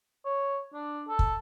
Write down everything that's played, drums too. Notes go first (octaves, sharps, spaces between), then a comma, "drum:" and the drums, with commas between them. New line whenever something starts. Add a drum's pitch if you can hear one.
C#5
D4
A4
drum: kick